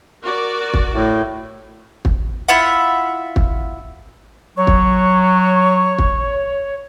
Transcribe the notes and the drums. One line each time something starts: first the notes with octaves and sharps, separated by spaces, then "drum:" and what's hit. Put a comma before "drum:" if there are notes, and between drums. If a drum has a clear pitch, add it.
F#4 A#4 D5
drum: kick
A2
drum: kick
E4 F4 E5 F#5
drum: kick
F#3 C#5 C#6
drum: kick
drum: kick